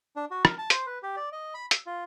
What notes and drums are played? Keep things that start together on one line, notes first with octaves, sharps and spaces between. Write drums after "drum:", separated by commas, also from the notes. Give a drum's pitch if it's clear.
D4
F#4
A#4, drum: rim click
A5
C5, drum: hi-hat
B4
G4
D5
D#5
B5
E6, drum: hi-hat
F4